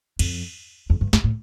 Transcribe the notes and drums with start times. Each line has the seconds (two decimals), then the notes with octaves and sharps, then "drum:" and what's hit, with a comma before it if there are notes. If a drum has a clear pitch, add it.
0.19 F2, drum: cymbal
0.90 F2
1.01 G2
1.13 G2, drum: snare
1.24 A2